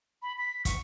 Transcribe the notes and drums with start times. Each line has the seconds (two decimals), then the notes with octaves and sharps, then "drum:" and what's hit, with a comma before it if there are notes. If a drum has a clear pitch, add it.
0.22 B5
0.38 B6
0.65 C#6, drum: kick, hi-hat